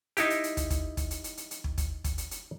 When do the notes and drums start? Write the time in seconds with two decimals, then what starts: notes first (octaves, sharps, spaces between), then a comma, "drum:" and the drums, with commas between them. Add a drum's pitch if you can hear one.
0.17 D#4 E4 G4, drum: hi-hat
0.30 drum: hi-hat
0.44 drum: hi-hat
0.57 drum: kick, hi-hat
0.70 drum: kick, hi-hat
0.97 drum: kick, hi-hat
1.11 drum: hi-hat
1.24 drum: hi-hat
1.37 drum: hi-hat
1.51 drum: hi-hat
1.64 drum: kick
1.78 drum: kick, hi-hat
2.04 drum: kick, hi-hat
2.18 drum: hi-hat
2.31 drum: hi-hat